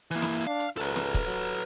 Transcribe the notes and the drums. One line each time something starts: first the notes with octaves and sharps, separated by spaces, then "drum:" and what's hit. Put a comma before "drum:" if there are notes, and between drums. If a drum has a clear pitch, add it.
E3 A#3 E4
drum: snare
D4 F5
drum: hi-hat
C#2 A4 B4, drum: hi-hat
drum: snare
drum: kick, hi-hat
F#3